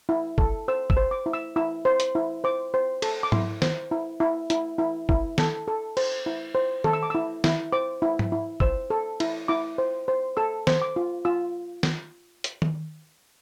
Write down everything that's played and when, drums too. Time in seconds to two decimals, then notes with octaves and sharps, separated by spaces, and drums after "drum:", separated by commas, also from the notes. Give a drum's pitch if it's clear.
0.09 E4
0.38 A4, drum: kick
0.68 C5 E6
0.90 E6, drum: kick
0.97 C5
1.11 D6
1.26 E4
1.33 E6
1.56 E4 E6
1.85 C5
2.00 drum: hi-hat
2.15 E4
2.44 C5 D6
2.74 C5
3.02 A4, drum: cymbal
3.23 D6
3.32 E4 C6, drum: tom G#2
3.62 C5, drum: snare
3.91 E4
4.20 E4
4.50 E4, drum: hi-hat
4.78 E4
5.09 E4, drum: kick
5.38 A4, drum: snare
5.68 A4
5.97 C5, drum: cymbal
6.26 E4
6.55 C5
6.84 A4, drum: tom D#3
6.93 E6
7.03 D6
7.10 E4 E6
7.44 E4, drum: snare
7.73 C5 D6
8.02 E4
8.19 drum: tom G#2
8.32 E4
8.60 C5 E6, drum: kick
8.90 A4
9.20 E4, drum: cymbal
9.48 E4 D6
9.78 C5
10.08 C5
10.37 A4 E6
10.67 C5, drum: snare
10.82 D6
10.96 F4
11.25 F4 E6
11.83 drum: snare
12.44 drum: hi-hat
12.62 drum: tom D#3